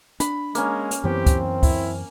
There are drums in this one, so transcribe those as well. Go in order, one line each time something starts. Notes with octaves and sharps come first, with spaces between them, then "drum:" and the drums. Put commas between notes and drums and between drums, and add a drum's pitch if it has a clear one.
D4 B5, drum: hi-hat
G#3 A#3 C#4, drum: hi-hat
drum: hi-hat
F#2 E3 B3 C4 G4
drum: kick, hi-hat
E4, drum: kick, open hi-hat